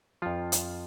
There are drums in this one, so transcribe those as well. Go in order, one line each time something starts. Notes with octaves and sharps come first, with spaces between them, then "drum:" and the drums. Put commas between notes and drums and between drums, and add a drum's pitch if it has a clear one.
F2 F3 F4
drum: hi-hat